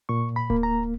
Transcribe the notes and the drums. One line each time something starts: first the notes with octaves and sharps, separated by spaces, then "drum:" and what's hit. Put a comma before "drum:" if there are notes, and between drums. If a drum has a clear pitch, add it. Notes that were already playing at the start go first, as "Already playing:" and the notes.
A#2 C#6
B5
A#3, drum: kick D1
A#5